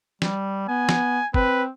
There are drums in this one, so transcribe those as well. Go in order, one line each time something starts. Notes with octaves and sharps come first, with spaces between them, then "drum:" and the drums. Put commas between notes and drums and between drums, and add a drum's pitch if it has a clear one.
G3, drum: snare
B3 G#5
drum: snare
C4 B4, drum: kick